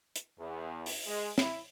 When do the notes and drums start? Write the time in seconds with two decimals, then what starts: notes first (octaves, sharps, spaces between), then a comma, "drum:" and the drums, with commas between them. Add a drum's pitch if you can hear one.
0.16 drum: hi-hat
0.39 E2
0.86 drum: open hi-hat
1.06 G#3
1.38 E4, drum: snare